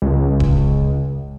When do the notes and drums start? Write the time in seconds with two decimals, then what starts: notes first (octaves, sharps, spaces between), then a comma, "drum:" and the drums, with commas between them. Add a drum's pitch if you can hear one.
0.02 C#2
0.40 drum: kick D#1